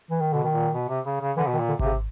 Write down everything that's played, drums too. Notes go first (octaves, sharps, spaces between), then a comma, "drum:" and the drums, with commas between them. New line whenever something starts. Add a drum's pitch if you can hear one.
E3
D#3
B2 D3
D#3
A#2
B2
C3
C#3
C#3
D3 E3
B2
D#3
A#2
D3
C3, drum: kick G#1
C#3